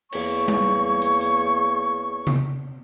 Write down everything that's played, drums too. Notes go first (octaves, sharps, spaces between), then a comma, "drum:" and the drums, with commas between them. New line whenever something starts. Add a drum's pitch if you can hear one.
E2 A#3 C#5 C#6, drum: cymbal
drum: tom G3
drum: hi-hat
drum: hi-hat
drum: tom C3